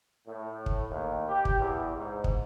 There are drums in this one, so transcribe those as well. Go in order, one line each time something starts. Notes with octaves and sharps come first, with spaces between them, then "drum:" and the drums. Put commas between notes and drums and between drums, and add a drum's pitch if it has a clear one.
A2
drum: kick
D#2
G4
drum: kick
E2
G#2
drum: kick